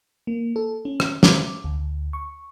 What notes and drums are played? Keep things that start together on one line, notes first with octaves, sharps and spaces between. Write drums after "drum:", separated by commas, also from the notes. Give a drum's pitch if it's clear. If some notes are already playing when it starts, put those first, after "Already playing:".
A#3
A4
C#4
drum: rim click
D6, drum: snare
D2
C#6